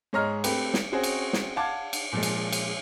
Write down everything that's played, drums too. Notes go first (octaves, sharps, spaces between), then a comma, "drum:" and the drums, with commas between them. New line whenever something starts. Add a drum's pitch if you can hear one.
G#2 G#3 C#5 D#5 A#5 F6
A3 C4 G4 B4, drum: cymbal
drum: snare
C4 C#4 F#4 G#4 C5
drum: cymbal
drum: snare
F5 F#5 A5 D6 G#6
drum: cymbal
A#2 F3 G#3
drum: cymbal
drum: cymbal